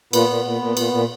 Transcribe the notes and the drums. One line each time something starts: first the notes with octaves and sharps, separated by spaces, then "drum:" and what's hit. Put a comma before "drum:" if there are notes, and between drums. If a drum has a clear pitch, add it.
A#2 B3, drum: cymbal
A#2
A#2
A#2
A#2, drum: cymbal
A#2